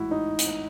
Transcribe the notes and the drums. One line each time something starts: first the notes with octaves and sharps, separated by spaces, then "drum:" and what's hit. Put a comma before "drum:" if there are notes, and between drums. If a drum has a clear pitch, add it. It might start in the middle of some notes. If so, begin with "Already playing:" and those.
Already playing: A1 G#2 E3 E4 F#4
D#4
drum: hi-hat